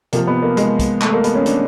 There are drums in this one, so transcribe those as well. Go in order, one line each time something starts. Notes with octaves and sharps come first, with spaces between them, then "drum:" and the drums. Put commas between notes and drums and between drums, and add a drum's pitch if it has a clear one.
C3 F3 A#3, drum: hi-hat
B3
A#3
G#3, drum: hi-hat
drum: kick, hi-hat
A3, drum: clap
A#3
B3, drum: hi-hat
C#4
D4, drum: hi-hat